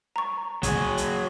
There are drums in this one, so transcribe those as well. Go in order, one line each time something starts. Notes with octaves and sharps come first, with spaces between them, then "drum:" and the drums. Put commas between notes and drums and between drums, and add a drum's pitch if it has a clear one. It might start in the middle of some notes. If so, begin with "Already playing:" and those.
A#5 C#6
F#3 G#4, drum: kick, hi-hat
drum: hi-hat